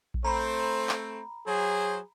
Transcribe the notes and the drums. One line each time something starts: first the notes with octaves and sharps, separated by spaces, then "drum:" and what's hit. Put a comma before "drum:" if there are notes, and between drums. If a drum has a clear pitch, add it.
drum: kick A#1
A3 C4 C5 A#5 B5
drum: clap
F#3 G#4 C5